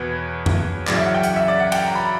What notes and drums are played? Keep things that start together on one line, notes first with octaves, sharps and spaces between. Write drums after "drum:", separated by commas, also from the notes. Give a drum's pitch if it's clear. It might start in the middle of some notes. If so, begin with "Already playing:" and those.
Already playing: E2 B2 B4 C#5
drum: tom F2
F#2 C#3 E3 D5, drum: clap
E5
F#5
G5
F#5, drum: hi-hat
E5
D5
F#5
G5, drum: cymbal
A#5
B5